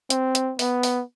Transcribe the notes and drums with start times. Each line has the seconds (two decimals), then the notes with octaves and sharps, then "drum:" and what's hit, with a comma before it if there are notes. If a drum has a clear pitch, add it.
0.10 C4, drum: hi-hat
0.35 drum: hi-hat
0.59 B3, drum: open hi-hat
0.83 drum: open hi-hat